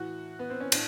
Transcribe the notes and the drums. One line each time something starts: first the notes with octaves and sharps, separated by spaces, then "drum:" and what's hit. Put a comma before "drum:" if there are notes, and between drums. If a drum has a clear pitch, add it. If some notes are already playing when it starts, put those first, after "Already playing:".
Already playing: A2 E3 F#4
B3
C4
C#4
A2 D4, drum: cymbal